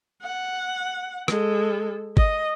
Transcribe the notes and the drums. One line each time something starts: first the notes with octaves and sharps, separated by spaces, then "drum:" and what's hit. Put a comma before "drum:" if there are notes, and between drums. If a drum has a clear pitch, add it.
F#5
G#3 A4, drum: rim click
D#5, drum: kick G1